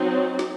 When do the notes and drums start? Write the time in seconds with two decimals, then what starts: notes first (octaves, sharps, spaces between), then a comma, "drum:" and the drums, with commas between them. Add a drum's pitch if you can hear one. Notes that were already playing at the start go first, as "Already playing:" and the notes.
Already playing: F#3 C4 D#4
0.39 drum: snare